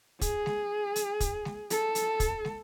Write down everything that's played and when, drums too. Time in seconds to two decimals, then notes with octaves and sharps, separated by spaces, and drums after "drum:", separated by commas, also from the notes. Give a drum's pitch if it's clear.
0.21 G#4, drum: kick, hi-hat
0.46 drum: snare
0.96 drum: hi-hat
1.20 drum: kick, hi-hat
1.45 drum: snare
1.70 A4, drum: hi-hat
1.95 drum: hi-hat
2.20 drum: kick, hi-hat
2.45 drum: snare